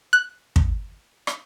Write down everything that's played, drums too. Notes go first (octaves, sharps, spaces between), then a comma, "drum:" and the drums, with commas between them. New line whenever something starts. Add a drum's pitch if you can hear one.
F#6
drum: kick
drum: rim click